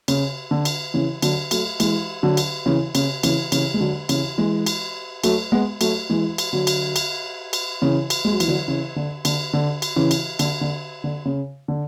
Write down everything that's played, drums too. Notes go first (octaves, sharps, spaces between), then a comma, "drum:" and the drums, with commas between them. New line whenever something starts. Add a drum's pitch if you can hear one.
C#3, drum: cymbal
D3
drum: cymbal
C#3 E3
D3 F#3, drum: cymbal
F#3 A3, drum: cymbal
E3 G#3, drum: cymbal
D3 F#3
drum: cymbal
C#3 E3
C#3, drum: cymbal
C#3 E3, drum: cymbal
C#3 E3, drum: cymbal
G#3
D3 F#3
C#3 E3, drum: cymbal
E3 G#3
drum: cymbal
F#3 A3, drum: cymbal
G#3 B3
F#3 A3, drum: cymbal
E3 G#3
drum: cymbal
D3 F#3
drum: cymbal
drum: cymbal
drum: cymbal
C#3 E3
drum: cymbal
G#3
F#3
E3, drum: cymbal
D3 F#3
C#3 E3
D3
D3, drum: cymbal
D3
drum: cymbal
C#3 E3
drum: cymbal
D3, drum: cymbal
D3
D3
C#3
D3